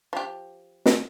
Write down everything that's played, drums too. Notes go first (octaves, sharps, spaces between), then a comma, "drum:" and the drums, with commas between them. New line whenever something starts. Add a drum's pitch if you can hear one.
F3 G4
drum: snare